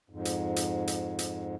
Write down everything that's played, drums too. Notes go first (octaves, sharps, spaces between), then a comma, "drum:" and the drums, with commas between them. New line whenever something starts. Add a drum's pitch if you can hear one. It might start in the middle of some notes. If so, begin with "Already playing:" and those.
F2 G#2
drum: hi-hat
drum: hi-hat
drum: hi-hat
drum: hi-hat